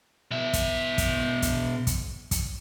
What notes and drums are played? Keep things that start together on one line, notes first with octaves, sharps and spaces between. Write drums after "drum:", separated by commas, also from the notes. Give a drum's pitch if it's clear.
B2 E5
drum: kick, hi-hat
drum: kick, hi-hat
drum: kick, hi-hat
drum: kick, hi-hat
drum: kick, hi-hat